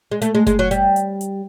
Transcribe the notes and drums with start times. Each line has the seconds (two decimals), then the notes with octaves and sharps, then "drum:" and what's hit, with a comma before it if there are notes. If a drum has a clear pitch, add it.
0.11 G#3
0.22 A3, drum: hi-hat
0.35 G#3
0.47 G#3, drum: kick F#1, hi-hat
0.59 F#3
0.71 G3, drum: hi-hat
0.96 drum: hi-hat
1.21 drum: hi-hat